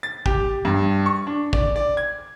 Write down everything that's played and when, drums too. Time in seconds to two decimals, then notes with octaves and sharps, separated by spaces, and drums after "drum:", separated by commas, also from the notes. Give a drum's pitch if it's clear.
0.03 A6
0.26 G4, drum: kick
0.65 G2
1.06 C#6
1.27 D4
1.53 D5, drum: kick
1.76 D5
1.97 G#6